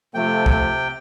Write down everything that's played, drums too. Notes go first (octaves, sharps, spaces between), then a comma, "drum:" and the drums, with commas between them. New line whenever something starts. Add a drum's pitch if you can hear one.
C3 F3 A3 G5
drum: kick